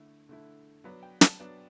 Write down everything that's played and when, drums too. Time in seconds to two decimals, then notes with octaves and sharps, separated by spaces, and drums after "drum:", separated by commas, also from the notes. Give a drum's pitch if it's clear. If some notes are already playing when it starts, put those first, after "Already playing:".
Already playing: D3 A3 E4
0.29 D3 A3 E4
0.84 F#3 B3 D4 B5
1.03 G5
1.21 A5, drum: snare
1.40 F#3 B3 D4